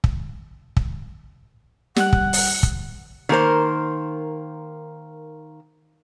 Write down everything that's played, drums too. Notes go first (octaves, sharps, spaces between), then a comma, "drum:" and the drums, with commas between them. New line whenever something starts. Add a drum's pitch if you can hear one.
drum: kick
drum: kick
G3 F#5 F#6, drum: snare
drum: kick
drum: open hi-hat
drum: kick
D#3 A#3 A#4 C5